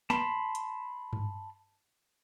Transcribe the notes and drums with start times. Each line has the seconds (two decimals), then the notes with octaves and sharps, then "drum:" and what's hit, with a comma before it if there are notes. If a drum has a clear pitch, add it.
0.10 A5 B5 C6, drum: snare
0.55 drum: hi-hat
1.13 drum: tom G2